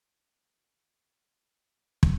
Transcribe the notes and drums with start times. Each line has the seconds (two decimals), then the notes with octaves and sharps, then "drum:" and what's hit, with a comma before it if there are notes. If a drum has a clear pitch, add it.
0.03 G#4 C#5 D5 E5 F5 C#6
0.40 E4 A4 D5 E5 G#5 A5
0.78 G#4 A#5 B5
1.05 A4 F#5
1.64 D6 D#6
2.03 drum: kick